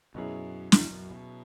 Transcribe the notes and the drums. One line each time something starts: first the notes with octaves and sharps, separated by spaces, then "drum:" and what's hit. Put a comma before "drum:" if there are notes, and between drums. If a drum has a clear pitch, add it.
F#2 B2 F#3 C#4 E4 G#4
E2, drum: snare
F#2
B2